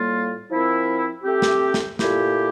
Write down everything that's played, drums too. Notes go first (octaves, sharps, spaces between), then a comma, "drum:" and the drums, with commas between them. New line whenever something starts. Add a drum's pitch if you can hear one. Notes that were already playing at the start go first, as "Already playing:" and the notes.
Already playing: A2 G3 A#3 F4
F3 C4 E4 A#4
A3 C4 G4
drum: snare
drum: snare
A#2 A3 E4 G4, drum: snare